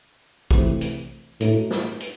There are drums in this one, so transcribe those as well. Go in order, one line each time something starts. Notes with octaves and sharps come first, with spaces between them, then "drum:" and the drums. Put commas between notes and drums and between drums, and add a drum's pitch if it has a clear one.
C3 E3 A3 C4 E4, drum: kick
drum: hi-hat
A2 A3 D#4 F#4, drum: hi-hat
drum: snare
drum: hi-hat